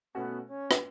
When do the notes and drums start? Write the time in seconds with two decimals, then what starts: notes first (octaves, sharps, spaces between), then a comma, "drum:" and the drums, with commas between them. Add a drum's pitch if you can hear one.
0.15 B2 A3 B3 C#4 F#4
0.47 C#4
0.71 drum: rim click